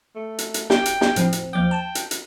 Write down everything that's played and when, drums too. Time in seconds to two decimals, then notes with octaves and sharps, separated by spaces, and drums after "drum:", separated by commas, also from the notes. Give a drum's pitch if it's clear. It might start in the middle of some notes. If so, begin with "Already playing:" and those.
0.16 A3
0.39 drum: hi-hat
0.54 drum: hi-hat
0.70 G4 G5, drum: snare
0.86 drum: hi-hat
1.01 drum: snare
1.16 A2 F3 C4, drum: hi-hat
1.33 drum: hi-hat
1.53 D#2 F3 G5 D6
1.71 A5
1.95 drum: hi-hat
2.11 drum: hi-hat